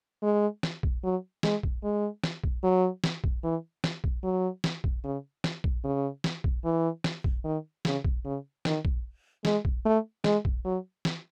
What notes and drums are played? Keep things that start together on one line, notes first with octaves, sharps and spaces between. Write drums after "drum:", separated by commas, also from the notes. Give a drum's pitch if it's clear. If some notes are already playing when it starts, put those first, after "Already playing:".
G#3
drum: snare
drum: kick A#1
F#3
G#3, drum: snare
drum: kick A#1
G#3
drum: snare
drum: kick A#1
F#3
drum: snare
drum: kick A#1
E3
drum: snare
drum: kick A#1
F#3
drum: snare
drum: kick A#1
C#3
drum: snare
drum: kick A#1
C#3
drum: snare
drum: kick A#1
E3
drum: snare
drum: kick A#1
D#3
C#3, drum: snare
drum: kick A#1
C#3
D#3, drum: snare
drum: kick A#1
G#3, drum: snare
drum: kick A#1
A3
G#3, drum: snare
drum: kick A#1
F#3
drum: snare